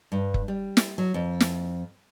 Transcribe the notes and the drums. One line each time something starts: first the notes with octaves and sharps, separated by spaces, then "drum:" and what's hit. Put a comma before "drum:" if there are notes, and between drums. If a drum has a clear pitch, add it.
G2
drum: kick
G3
drum: snare
F#3
F2
drum: snare